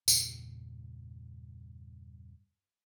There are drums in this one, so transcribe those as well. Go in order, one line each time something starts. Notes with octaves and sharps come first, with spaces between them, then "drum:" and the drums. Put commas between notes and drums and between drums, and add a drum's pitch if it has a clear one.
E2 G2 A#2 C#3, drum: tambourine